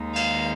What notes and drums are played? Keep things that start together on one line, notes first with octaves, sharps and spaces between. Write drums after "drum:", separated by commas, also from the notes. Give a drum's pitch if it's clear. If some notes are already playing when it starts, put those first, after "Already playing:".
Already playing: D#2 D#3 G#3 D#4
F5, drum: cymbal